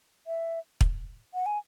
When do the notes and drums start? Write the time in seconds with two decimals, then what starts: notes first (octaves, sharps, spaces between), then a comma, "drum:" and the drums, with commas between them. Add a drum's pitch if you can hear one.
0.27 E5
0.81 drum: kick
1.34 F#5
1.46 G#5